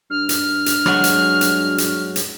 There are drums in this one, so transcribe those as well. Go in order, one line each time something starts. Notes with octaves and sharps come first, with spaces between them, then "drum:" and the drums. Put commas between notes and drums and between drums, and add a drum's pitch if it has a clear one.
G2 F6
drum: hi-hat
drum: hi-hat
F#3 G#3 F#4, drum: rim click
drum: hi-hat
drum: hi-hat
drum: hi-hat
drum: hi-hat